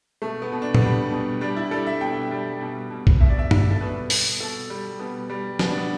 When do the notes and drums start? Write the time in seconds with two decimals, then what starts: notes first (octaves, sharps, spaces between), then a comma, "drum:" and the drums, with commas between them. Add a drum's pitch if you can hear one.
0.22 B2 A3
0.42 B3
0.52 B2
0.62 D4
0.75 B3, drum: tom A#2
0.82 G3 D4
1.12 B2
1.41 G3 D4
1.56 E4
1.71 G3 A4
1.87 E5
2.01 B2 G5
2.31 G3
2.61 B2
2.91 B2
3.07 drum: kick
3.20 B2 E5
3.29 D5
3.39 E5
3.51 G3, drum: tom G2
3.71 A4
3.81 B2 B4
4.10 B2, drum: open hi-hat
4.40 B2 A4
4.70 G3
4.99 B2 B3
5.30 G3
5.59 B2 B3, drum: snare
5.69 D4
5.78 B3